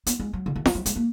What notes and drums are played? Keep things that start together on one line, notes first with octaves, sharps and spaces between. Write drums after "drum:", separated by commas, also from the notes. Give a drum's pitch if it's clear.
B3, drum: hi-hat
G#3
F#3
D3
D#3
F3, drum: snare
F#3
G#3, drum: hi-hat
A#3